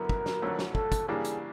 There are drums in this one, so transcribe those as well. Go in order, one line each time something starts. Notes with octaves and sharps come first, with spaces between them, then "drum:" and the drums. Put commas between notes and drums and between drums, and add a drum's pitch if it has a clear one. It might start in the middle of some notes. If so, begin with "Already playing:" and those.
Already playing: F#2 D3 F#3 B3 E4 A#4
drum: kick
drum: snare
F2 D3 F#3 A3 C#4
drum: snare
A4, drum: kick
drum: kick, hi-hat
C#3 E3 G3 A#3 D4 G#4
drum: hi-hat